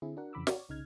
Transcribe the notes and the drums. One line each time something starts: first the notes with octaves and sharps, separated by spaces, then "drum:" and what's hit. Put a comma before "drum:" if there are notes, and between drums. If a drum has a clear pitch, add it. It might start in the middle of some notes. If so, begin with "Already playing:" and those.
D3 C4 E4 G#4
D4 F#4 A#4 F#5
F2 C#3 E3 B5 D6 E6
C#5 D5, drum: snare
C2 C#3 D#4 F6 G#6